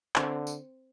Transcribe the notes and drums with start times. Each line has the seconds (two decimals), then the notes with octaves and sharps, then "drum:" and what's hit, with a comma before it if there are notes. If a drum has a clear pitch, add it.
0.16 D3 C4, drum: clap
0.47 drum: tambourine